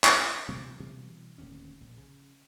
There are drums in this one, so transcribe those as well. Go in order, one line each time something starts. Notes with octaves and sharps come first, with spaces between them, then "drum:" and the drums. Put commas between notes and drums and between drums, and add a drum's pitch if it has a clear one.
drum: clap
B2 E3 F#3
B2 E3 G3 B3
D1 D#2 C#4
A#1
C#3